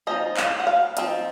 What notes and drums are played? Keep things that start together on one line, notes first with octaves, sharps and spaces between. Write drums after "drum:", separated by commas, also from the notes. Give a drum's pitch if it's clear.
F3 C4 D#4 D#5
F5, drum: clap
F#5
F5
F3 C4 D#4, drum: hi-hat